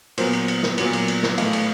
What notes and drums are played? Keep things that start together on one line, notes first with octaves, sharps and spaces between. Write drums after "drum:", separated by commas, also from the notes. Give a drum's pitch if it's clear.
A#2 F#3 B3 A#4 C5, drum: cymbal
drum: cymbal
drum: cymbal
drum: snare
A#2 F#3 B3, drum: cymbal
drum: cymbal
drum: cymbal
drum: snare
A2 E3 A3 D#5 F5, drum: cymbal
drum: cymbal